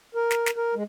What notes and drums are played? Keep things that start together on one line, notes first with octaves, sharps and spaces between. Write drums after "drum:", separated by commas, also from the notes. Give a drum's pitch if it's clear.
A#4
drum: snare
drum: snare
A#4
G#3